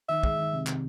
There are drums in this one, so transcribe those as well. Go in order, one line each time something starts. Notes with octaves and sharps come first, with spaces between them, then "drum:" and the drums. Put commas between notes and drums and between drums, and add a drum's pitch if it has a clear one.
D#3 E5
G#3, drum: kick
D#3
C3
C3, drum: clap